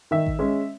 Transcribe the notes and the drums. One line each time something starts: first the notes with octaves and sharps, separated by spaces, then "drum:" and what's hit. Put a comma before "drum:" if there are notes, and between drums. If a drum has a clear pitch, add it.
D#3 E5
drum: kick A1
G#3 C#4